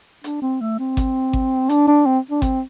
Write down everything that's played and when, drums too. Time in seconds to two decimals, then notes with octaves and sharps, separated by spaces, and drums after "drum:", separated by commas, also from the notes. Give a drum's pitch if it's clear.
0.24 D4, drum: hi-hat
0.42 C4
0.61 A3
0.79 C4
0.97 drum: kick G#1, hi-hat
1.33 drum: kick G#1
1.69 D4, drum: hi-hat
1.88 D4
2.06 C4
2.31 D4
2.42 C4, drum: kick G#1, hi-hat